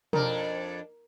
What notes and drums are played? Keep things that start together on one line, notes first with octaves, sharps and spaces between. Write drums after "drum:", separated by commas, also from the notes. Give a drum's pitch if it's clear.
F2 D4 A#4, drum: tom B2